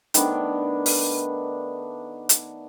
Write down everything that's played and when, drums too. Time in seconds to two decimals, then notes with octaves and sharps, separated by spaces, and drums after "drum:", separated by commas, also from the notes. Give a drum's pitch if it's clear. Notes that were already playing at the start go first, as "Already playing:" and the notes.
0.14 D#3 A3 B3 D4, drum: hi-hat
0.86 drum: open hi-hat
2.29 drum: hi-hat